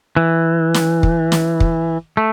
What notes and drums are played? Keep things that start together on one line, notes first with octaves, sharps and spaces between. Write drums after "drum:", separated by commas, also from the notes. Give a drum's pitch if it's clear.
E3
drum: snare
drum: kick
drum: snare
drum: kick
A3